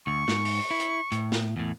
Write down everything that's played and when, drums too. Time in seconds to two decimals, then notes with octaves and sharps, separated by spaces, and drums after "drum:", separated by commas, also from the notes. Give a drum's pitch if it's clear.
0.07 D2 C#6
0.28 G#2, drum: snare
0.45 drum: open hi-hat
0.71 E4
0.80 drum: hi-hat
1.12 A2, drum: hi-hat
1.32 drum: snare
1.57 E2 A2